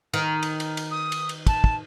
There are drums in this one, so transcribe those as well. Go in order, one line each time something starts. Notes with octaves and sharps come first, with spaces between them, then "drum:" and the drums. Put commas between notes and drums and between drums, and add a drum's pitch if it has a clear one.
D#3
drum: cymbal
drum: cymbal
drum: cymbal
D#6
drum: cymbal
drum: cymbal
A5, drum: kick, cymbal
drum: kick